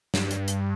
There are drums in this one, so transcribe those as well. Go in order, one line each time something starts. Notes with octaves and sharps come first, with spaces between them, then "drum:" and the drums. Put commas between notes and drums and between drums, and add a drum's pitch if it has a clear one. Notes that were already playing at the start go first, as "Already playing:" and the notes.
G2, drum: snare
drum: hi-hat
drum: hi-hat